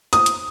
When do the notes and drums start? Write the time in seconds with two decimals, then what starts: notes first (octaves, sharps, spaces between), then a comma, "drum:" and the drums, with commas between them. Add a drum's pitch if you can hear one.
0.13 D#6, drum: hi-hat
0.26 drum: hi-hat